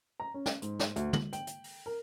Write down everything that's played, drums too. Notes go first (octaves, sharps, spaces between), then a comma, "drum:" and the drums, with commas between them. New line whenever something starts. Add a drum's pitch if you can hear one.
A#5
C#4
drum: snare
G#2, drum: hi-hat
drum: snare
D2, drum: hi-hat
F#7, drum: tom
G5, drum: hi-hat
drum: hi-hat
drum: open hi-hat
A#4